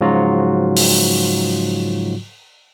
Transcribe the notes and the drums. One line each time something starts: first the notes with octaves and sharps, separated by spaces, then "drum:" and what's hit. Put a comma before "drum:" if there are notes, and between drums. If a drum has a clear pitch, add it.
G#2 C#3 F3 F#3 F4 F#4
drum: open hi-hat